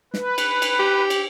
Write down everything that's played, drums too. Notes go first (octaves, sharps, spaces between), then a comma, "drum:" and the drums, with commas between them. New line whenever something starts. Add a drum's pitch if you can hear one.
B4, drum: snare
drum: cymbal
drum: cymbal
G4
drum: cymbal